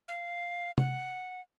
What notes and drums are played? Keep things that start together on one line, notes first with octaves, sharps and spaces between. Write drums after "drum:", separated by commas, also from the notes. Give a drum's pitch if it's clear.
F5
F#5, drum: tom C3